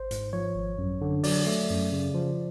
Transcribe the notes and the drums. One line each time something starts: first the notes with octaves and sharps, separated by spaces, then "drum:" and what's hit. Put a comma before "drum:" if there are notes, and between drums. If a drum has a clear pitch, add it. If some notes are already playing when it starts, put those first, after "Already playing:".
Already playing: G#1 C5
G#2, drum: hi-hat
F3 C#5
G#1
F#2
D3
F#3 D5, drum: open hi-hat
A3
F#2
C#3
F3